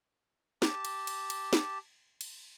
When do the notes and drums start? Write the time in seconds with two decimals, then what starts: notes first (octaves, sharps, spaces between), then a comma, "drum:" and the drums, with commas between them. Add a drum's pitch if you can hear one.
0.62 G4 A5, drum: snare
0.85 drum: cymbal
1.07 drum: cymbal
1.30 drum: cymbal
1.53 drum: snare
2.21 drum: cymbal